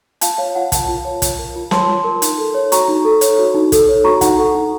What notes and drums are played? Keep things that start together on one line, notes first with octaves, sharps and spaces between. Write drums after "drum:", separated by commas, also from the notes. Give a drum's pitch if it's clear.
F4 F5 A5, drum: hi-hat
C#5 F5
F4 F#5
A#4 F5 A5, drum: kick, hi-hat
F4
C#5
F4, drum: kick, hi-hat
A#4
F4
C#5 A5 C6, drum: snare
F4
A#4
D#4, drum: hi-hat
A4
C#5
F#4 A#5 C#6, drum: hi-hat
D#4
A4
C#5, drum: hi-hat
F#4
D#4
A4, drum: kick, hi-hat
C#5
F#4 A#5 C#6
D#4 F#5 A#5, drum: kick, hi-hat
A4
D#4